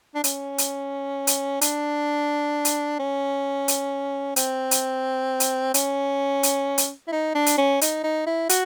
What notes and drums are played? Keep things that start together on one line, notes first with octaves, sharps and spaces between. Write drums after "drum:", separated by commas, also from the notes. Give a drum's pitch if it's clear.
D4
C#4, drum: hi-hat
drum: hi-hat
drum: hi-hat
D4, drum: hi-hat
drum: hi-hat
C#4
drum: hi-hat
C4, drum: hi-hat
drum: hi-hat
drum: hi-hat
C#4, drum: hi-hat
drum: hi-hat
drum: hi-hat
E4
D#4
D4
drum: hi-hat
C#4
D#4, drum: hi-hat
D#4
E4
F#4, drum: hi-hat